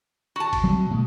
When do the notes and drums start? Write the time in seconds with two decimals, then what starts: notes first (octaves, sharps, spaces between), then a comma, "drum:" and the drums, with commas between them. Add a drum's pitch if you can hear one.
0.36 F#4 A5
0.53 drum: kick G#1, cymbal
0.64 F#3 G3 C4
0.90 B2 G#3 A3